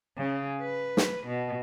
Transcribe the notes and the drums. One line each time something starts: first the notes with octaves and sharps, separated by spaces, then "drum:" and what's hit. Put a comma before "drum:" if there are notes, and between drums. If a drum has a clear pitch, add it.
C#3
B4
drum: snare
B2